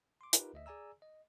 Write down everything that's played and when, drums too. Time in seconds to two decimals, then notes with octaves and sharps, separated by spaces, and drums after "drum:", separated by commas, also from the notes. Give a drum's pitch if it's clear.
0.21 C6 D6
0.33 D#4 F4 G4 A#4 B4, drum: hi-hat
0.54 D2 D#5 E5
0.66 G#4 D5 G#5 A#5 E6
1.02 D#5